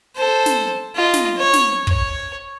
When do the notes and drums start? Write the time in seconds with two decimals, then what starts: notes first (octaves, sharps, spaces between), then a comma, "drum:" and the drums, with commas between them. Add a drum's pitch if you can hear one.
0.16 A4 C5
0.46 drum: snare
0.95 F4 D#5
1.14 drum: snare
1.37 C#5
1.53 drum: snare
1.87 C#5, drum: kick